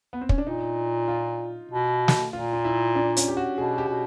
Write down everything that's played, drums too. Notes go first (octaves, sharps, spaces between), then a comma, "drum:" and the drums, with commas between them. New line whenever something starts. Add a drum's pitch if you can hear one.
B3
C4
C#4, drum: kick
D4
A#2 D#4
F4
B2
drum: snare
A#2 F4
F4
E4
D4
C#4, drum: hi-hat
G4
F#4
B2 G#4
G4
B2